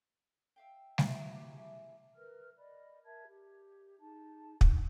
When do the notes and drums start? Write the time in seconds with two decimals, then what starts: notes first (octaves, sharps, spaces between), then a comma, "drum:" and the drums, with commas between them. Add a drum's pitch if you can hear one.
0.56 E5 F5 G5
0.98 E3 F#3 C4, drum: snare G3
1.36 G4
1.52 G#4 E5 A5
2.14 A#4 B4 F6
2.56 D5 D#5 B5
3.03 A#4 E5 A5 G#6
3.26 G4
3.99 D#4 G#4 A5
4.61 D4 D#4, drum: kick